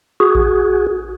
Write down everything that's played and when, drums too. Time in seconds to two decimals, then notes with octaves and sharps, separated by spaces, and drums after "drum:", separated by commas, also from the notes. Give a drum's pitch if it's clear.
0.20 F#4 G#4
0.35 drum: kick A1